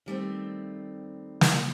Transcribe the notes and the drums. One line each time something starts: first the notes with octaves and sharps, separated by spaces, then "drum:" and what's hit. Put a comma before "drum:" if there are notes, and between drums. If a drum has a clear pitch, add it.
D#3 G3 A3 C4
drum: snare